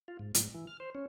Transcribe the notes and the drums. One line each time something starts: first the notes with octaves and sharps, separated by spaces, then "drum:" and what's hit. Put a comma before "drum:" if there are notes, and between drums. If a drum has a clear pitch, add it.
F4
G#2
G#2, drum: hi-hat
E3
F6
C5
C#4